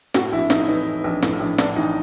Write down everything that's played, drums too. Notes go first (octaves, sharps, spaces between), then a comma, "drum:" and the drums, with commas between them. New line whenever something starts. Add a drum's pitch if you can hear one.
A2 F#4, drum: snare
A#1 E4
A2 D#4, drum: snare
E3 D#4
E3
A#1
A2, drum: snare
A#1
A2 D4, drum: snare
A1 D#4